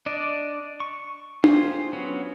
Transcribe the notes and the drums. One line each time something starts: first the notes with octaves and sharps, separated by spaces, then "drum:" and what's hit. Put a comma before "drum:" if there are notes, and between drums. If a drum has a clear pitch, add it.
D4 D5 D#5
C#6
F4 G4 G#4 C5, drum: tom D4
F#3 B3 C#4